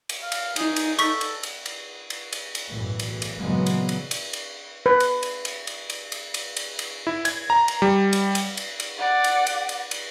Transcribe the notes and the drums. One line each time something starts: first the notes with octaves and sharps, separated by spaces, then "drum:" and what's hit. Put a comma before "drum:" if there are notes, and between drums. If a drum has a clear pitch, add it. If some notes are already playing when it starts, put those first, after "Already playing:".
drum: cymbal
F5
drum: cymbal
D#4 G#4, drum: cymbal
drum: cymbal
A4 C#6 B6, drum: cymbal
drum: cymbal
drum: cymbal
drum: cymbal
drum: cymbal
drum: cymbal
drum: cymbal
B1 F#2 A2 E3
drum: cymbal
drum: cymbal
A#2 C#3 E3 F#3 G#3 B3
drum: cymbal
drum: cymbal
drum: cymbal
drum: cymbal
B4
drum: cymbal
drum: cymbal
drum: cymbal
drum: cymbal
drum: cymbal
drum: cymbal
drum: cymbal
drum: cymbal
drum: cymbal
E4
G#6, drum: cymbal
A#5
drum: cymbal
G3
drum: cymbal
drum: cymbal
drum: cymbal
drum: cymbal
D5 F#5
drum: cymbal
drum: cymbal
drum: cymbal
drum: cymbal